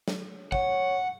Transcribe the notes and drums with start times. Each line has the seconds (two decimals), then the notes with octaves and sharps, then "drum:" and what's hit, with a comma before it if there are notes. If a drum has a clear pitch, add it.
0.08 drum: snare
0.52 C#5 F#5, drum: kick